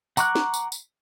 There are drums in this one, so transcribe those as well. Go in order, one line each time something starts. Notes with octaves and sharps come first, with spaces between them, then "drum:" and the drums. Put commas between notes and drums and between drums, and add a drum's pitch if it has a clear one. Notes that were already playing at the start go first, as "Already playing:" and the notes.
F#5 A#5 C#6 D6 F#6, drum: tambourine
drum: snare
drum: tambourine
drum: tambourine